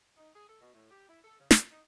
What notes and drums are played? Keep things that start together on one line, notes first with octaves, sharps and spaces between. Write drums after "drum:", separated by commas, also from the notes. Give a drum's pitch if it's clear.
D#4
G#4
A4
B2
A2
G4
E4
A4
C#3
A#2, drum: snare
D#4